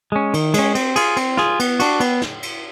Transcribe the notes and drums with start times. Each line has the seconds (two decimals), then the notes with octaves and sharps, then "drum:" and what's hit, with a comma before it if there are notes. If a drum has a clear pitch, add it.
0.12 G#3 C#4
0.34 D#3, drum: cymbal
0.54 G#3 C#4, drum: cymbal
0.75 C4, drum: cymbal
0.96 F4 G#4, drum: cymbal
1.17 C4, drum: cymbal
1.37 F4 G#4, drum: snare
1.60 B3, drum: cymbal
1.80 D4 F#4, drum: cymbal
2.00 B3, drum: cymbal
2.22 drum: snare
2.43 drum: cymbal